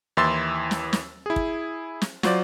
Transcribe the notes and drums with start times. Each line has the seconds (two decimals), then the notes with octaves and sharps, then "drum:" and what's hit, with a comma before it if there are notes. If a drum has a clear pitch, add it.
0.17 D#2 E3 E4 C6 E6 A6
0.71 drum: snare
0.93 drum: snare
1.26 E4 G#4
1.36 drum: kick
2.02 drum: snare
2.23 F#3 F4 C5 D5, drum: snare